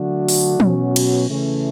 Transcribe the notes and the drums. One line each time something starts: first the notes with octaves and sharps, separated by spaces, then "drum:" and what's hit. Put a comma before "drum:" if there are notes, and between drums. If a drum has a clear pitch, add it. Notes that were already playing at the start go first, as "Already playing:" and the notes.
Already playing: D3 F#3 A3 D4 F#4
drum: open hi-hat
B2 F#3 C#4 F#4, drum: tom
drum: cymbal
C#3 E3 A3 C#4